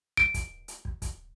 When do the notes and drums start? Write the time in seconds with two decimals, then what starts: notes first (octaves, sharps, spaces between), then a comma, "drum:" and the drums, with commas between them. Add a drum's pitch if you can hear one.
0.17 D7, drum: kick
0.34 drum: kick, hi-hat
0.68 drum: hi-hat
0.85 drum: kick
1.02 drum: kick, hi-hat